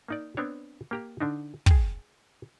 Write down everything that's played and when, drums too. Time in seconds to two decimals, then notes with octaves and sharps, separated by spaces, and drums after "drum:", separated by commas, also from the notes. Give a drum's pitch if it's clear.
0.08 A#3 D#4 D5
0.37 B3 C4 D4 C#5
0.91 A#3 G4 A#5
1.20 D3 D4 D#4
1.66 G#4 G5, drum: kick